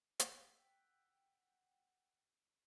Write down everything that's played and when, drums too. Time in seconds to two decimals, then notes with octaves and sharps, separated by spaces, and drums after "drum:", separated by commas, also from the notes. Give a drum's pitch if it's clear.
0.19 F#5 G5 E6 F#6 G6 B6, drum: hi-hat